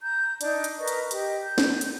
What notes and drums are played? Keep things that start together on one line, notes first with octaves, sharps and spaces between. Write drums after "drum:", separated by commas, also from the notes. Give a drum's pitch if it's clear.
A#5 G6
D4 D#4, drum: hi-hat
drum: hi-hat
A#4 B4 D#5 C#6
drum: hi-hat
G4 D#5, drum: hi-hat
G6
drum: snare
drum: hi-hat